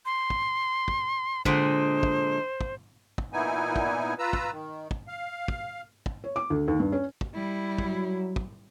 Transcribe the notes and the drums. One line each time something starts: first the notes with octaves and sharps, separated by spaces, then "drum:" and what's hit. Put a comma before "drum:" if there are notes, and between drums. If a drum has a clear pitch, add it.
C6
drum: kick
drum: kick
A#2 D3 G#3 C5, drum: kick
drum: kick
drum: kick
drum: kick
A#2 E3 B3 D#4 E4 G#5
drum: kick
F4 B4 A#5 E6
drum: kick
D#3
drum: kick
F5
drum: kick
drum: kick
C#5
D6
D2
D#2
G2
C#4
drum: kick
G3 E4
F#3, drum: kick
drum: kick